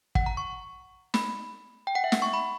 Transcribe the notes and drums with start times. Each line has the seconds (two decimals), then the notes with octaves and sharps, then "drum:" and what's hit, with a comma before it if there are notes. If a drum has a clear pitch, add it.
0.15 F#5, drum: kick
0.26 A#5
0.37 C#6
1.14 B5, drum: snare
1.87 G5
1.95 F#5
2.04 E5
2.12 F#5, drum: snare
2.22 C#6
2.34 B5